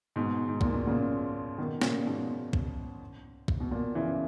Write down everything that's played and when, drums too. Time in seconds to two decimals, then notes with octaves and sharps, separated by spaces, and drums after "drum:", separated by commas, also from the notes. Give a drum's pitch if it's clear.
0.16 G#2 B2
0.48 G#2
0.61 A#2, drum: kick
0.74 B2
0.87 A#2 C#3
1.58 B2 D#3
1.81 A#2 C#3, drum: snare
1.99 A#2
2.06 G#2 B2
2.53 drum: kick
3.48 drum: kick
3.60 B2
3.71 A#2
3.95 C#3 E3